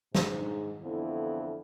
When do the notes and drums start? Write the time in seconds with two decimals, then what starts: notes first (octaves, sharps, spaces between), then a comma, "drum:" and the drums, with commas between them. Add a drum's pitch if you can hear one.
0.15 G#2, drum: snare
0.81 F2 D3 E3 B3 E4